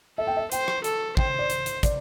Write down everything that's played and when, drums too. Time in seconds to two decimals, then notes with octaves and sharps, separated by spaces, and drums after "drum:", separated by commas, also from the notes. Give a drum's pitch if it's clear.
0.18 A4 E5
0.27 G5
0.37 E5
0.52 C5 G5, drum: hi-hat
0.68 drum: rim click
0.84 A4, drum: hi-hat
1.17 C5 G5, drum: kick
1.39 D5
1.50 drum: hi-hat
1.66 drum: hi-hat
1.83 D5, drum: kick, hi-hat